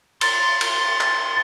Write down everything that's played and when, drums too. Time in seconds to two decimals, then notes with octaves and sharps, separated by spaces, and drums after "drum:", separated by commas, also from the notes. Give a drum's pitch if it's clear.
0.21 C6 A6, drum: cymbal
0.61 drum: cymbal
1.01 drum: clap